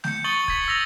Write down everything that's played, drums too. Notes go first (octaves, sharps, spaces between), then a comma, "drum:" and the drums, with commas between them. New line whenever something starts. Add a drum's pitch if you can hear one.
G6 C#7, drum: snare A3
C#6 D#6 A6 C#7 F#7 G7
G#6 B6, drum: kick
E6 A#6 F7 F#7